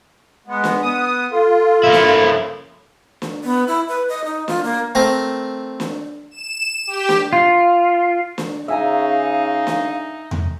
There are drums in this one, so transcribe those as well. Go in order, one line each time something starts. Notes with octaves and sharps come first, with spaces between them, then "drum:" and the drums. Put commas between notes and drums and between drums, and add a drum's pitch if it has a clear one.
G#3 B3
drum: snare
B3 D#6
F4 A4
A#3 E4
drum: snare
C#3 F3
drum: snare
B3
E4
B4
D#5
D#4
F4, drum: snare
A#3
A3 C4 A#4
drum: snare
E7
G4
drum: snare
F4
drum: snare
C#3 D#4 E5 F5 G#5 A#5
drum: snare
drum: tom E2